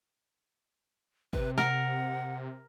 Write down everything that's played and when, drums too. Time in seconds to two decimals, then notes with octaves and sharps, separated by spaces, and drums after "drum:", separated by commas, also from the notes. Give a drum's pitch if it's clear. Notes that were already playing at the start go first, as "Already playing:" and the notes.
1.33 C3 B4, drum: kick G1
1.58 A#4 F#5, drum: snare